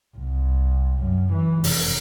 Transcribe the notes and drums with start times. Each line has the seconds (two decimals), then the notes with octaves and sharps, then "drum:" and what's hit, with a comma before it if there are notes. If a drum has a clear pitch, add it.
0.17 C2
1.01 F#2
1.33 E3
1.64 F1, drum: open hi-hat